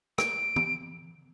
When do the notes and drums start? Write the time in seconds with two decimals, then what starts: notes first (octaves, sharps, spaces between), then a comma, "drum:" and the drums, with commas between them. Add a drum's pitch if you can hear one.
0.18 D7, drum: rim click
0.56 drum: tom